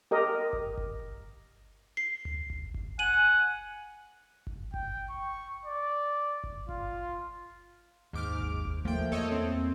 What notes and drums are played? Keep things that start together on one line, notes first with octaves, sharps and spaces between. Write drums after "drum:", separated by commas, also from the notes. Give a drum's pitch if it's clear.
G4 A#4 D#5
drum: kick G1
drum: kick G1
C7
drum: tom D2
drum: kick G1
drum: kick G1
F#5 G#5 D#7 F#7
drum: kick G1
G5, drum: kick G1
C#6
D5
drum: kick G1
F4, drum: kick G1
D#2 G#2 D6 F6
drum: kick G1
drum: kick G1
F3 A3 A#3 G5
E2 A4 C#5 D#5
C4